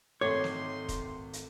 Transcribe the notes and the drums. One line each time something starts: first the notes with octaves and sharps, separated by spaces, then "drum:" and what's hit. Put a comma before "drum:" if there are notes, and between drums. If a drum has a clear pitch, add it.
G#1 D#3 A3 C#5 C6 D6
drum: snare
drum: kick, hi-hat
drum: hi-hat